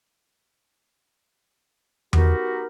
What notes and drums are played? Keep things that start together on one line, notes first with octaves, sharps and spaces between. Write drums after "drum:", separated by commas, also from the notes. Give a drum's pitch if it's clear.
B3 D#4 F#4 G4 A#4, drum: tom E2